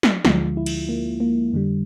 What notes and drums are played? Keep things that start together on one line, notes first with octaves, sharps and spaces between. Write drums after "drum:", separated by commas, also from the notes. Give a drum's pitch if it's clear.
drum: snare
D2 D3 F3 G#3 F4, drum: snare
E4
drum: cymbal
A#3
A#3
F2 D3 G3